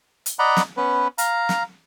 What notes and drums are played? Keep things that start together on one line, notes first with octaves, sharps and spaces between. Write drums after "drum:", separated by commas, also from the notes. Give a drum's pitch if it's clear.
drum: hi-hat
D5 D#5 F#5 A#5 B5
drum: snare
B3 C#4 B4
F5 A#5, drum: hi-hat
drum: snare